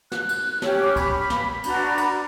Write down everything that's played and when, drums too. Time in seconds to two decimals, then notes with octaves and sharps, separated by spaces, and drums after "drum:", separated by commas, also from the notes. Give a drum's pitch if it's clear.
0.12 F#6, drum: snare
0.29 drum: cymbal
0.62 C#4 G4 C#5 E6, drum: snare
0.79 D6
0.93 C#6
0.96 B5, drum: kick C#2, cymbal
1.30 drum: snare
1.64 D4 F#4 B4 A#5, drum: cymbal
1.98 drum: cymbal